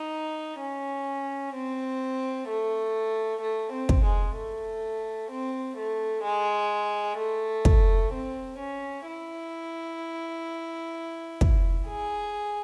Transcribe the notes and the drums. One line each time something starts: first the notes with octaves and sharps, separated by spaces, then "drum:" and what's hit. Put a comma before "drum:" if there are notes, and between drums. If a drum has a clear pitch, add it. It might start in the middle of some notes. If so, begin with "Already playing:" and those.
Already playing: D#4
C#4
C4
A3
A3
C4
drum: kick
G#3
A3
C4
A3
G#3
A3
drum: kick
C4
C#4
E4
drum: kick
G#4